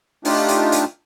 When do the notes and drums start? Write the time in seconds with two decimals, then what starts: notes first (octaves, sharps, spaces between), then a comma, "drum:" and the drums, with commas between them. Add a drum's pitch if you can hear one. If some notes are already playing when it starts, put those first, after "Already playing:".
0.25 A3 D4 D#4 F4 G4, drum: open hi-hat
0.48 drum: hi-hat
0.72 drum: hi-hat